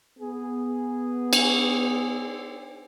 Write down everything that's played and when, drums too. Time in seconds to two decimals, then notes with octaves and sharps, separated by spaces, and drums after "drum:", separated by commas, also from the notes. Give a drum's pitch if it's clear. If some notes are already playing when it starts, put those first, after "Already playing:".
0.19 B3 G#4
1.33 drum: cymbal